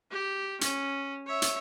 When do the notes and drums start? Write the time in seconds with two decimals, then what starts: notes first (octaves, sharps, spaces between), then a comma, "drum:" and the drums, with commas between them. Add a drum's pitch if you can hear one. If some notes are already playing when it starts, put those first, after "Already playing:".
0.11 G4
0.61 C#4, drum: hi-hat
1.27 C#5 E5
1.42 drum: hi-hat